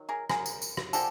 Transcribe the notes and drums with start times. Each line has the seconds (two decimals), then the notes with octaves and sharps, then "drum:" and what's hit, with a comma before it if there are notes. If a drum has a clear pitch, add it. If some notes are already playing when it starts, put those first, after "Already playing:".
Already playing: D#3 F#3
0.09 G#4 A#4
0.30 G#4 A#4, drum: rim click
0.46 drum: tambourine
0.62 drum: tambourine
0.77 drum: rim click
0.93 D3 F3 G#3 G4 A4, drum: tambourine